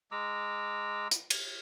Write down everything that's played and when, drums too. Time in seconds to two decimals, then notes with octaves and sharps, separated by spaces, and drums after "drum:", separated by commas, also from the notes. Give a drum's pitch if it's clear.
0.12 G#3 A#5 D6 E6
1.11 drum: hi-hat
1.30 drum: cymbal